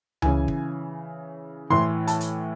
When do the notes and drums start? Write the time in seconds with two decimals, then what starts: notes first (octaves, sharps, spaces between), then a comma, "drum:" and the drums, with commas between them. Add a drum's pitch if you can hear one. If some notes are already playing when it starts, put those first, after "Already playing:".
0.22 C#3 E3 G#5, drum: tom C#2
0.48 drum: kick
1.70 A2 E3 C6
2.07 A5, drum: hi-hat
2.20 drum: hi-hat